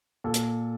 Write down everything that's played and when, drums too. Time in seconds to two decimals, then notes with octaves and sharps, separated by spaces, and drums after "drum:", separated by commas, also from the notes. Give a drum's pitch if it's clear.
0.24 A#2 A4
0.34 drum: hi-hat